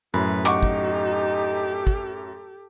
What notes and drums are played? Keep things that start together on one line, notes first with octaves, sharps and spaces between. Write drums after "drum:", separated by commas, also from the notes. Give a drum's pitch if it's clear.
F#2 A2 F#3 B4
D#4 G4 A4 F#5 C#6 D6, drum: clap
drum: kick
drum: kick